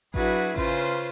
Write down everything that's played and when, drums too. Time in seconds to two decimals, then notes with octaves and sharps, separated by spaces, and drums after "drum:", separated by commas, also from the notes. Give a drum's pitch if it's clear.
0.14 F#3 D4 E4 F#4 G#4 B4, drum: kick A1
0.56 C#3 C#4 F4 B4 C5, drum: kick A1